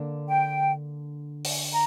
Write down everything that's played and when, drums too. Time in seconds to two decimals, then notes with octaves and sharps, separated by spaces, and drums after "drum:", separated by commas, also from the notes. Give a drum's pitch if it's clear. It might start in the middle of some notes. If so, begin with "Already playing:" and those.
Already playing: D3 A#3 D4
0.28 G5
1.45 drum: open hi-hat
1.71 A#5